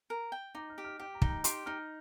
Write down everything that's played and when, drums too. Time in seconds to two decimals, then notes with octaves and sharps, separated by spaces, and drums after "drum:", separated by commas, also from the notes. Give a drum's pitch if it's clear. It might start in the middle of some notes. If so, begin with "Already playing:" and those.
0.10 A#4
0.32 G5
0.55 D#4 D6
0.70 F6
0.78 G4
0.84 F6
0.99 G4 G5
1.14 A#5
1.22 D#4, drum: kick
1.29 A#5
1.44 G4 C6, drum: hi-hat
1.66 D#4 F6